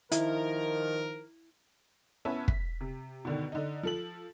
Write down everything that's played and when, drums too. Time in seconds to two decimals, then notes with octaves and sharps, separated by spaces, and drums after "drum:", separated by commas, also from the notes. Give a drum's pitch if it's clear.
0.12 D#3 F3 E4 A#4, drum: hi-hat
2.25 B3 C#4 E4 E5 A5
2.48 B6, drum: kick
2.80 C3
3.25 B2 D3 D#3
3.52 D3 D#4
3.83 F3 A4 F#7